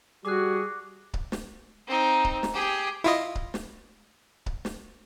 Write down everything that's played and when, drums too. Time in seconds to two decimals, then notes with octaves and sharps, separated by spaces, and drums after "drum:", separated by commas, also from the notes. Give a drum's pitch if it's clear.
0.25 G3 F#4 G#4 D6 F#6
1.14 drum: kick C#1
1.32 drum: snare
1.87 C4 D#4
2.24 drum: kick C#1
2.43 drum: snare
2.54 G4 G#4
3.04 E4 F4 D#5
3.35 drum: kick C#1
3.54 drum: snare
4.46 drum: kick C#1
4.65 drum: snare